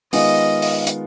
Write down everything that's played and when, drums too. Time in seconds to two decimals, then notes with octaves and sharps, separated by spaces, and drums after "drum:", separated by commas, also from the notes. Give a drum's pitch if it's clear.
0.13 D#3 G#3 B3 F4 D#5, drum: open hi-hat
0.62 drum: open hi-hat
0.87 drum: hi-hat